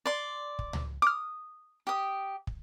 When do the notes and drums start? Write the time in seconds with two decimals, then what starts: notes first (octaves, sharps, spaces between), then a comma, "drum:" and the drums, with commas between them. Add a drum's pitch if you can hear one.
0.06 D5 C6
0.59 drum: kick
0.73 drum: tom C#2
1.02 D6 D#6 F6
1.87 G4 D#6
2.47 drum: kick